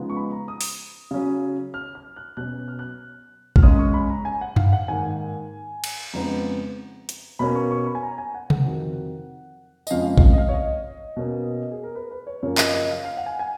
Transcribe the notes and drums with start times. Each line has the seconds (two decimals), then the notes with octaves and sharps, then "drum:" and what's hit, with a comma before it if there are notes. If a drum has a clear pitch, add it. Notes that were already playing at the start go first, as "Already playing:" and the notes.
Already playing: C#3 F3 G#3 B3 D#4
0.10 C#6
0.17 B5
0.32 A#5
0.48 D#6
0.61 drum: open hi-hat
1.11 C#3 F#3 C#4
1.74 F6
1.95 F6
2.16 F#6
2.37 B2 F#3 C#4 F#6
2.68 F6
2.79 F#6
3.56 F6, drum: kick G#1
3.62 F#2 C#3 G#3 C#4 D#6
3.78 C#6
3.94 B5
4.10 A#5
4.25 G#5
4.41 F#5
4.56 F5, drum: tom F#2
4.73 F#5
4.88 G#2 D#3 A#3 G#5
5.84 drum: cymbal
6.13 F2 C#3 G#3 B3 D#4 A#5
7.09 drum: hi-hat
7.39 B2 A#3 C#4 B5
7.55 C#6
7.71 C#6
7.87 B5
7.95 G#5
8.03 A#5
8.18 G#5
8.34 F#5
8.50 F#5, drum: tom C3
8.65 F2 D#3 F#3
9.87 D#5, drum: tambourine
9.91 F2 C#3 F3 G#3 F5
10.07 D#5
10.18 F5, drum: kick G#1
10.22 D#5
10.33 D#5
10.38 F5
10.49 C#5
10.54 D#5
11.17 B2 A#3 C#4
11.72 G#4
11.83 A#4
11.95 B4
12.11 B4
12.27 C#5
12.42 F#2 C#3 F3 A#3 C#4 C#5
12.58 D#5, drum: clap
12.74 D#5
12.89 F5
13.05 F5
13.17 F#5
13.26 G#5
13.39 G#5